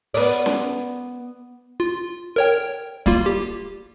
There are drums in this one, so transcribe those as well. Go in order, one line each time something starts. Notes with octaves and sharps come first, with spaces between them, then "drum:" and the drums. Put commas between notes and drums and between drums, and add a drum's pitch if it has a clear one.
B3 D5, drum: open hi-hat
drum: snare C#4
F4
A#4 C#5 G5
G3 A#3 F4, drum: kick
G4, drum: hi-hat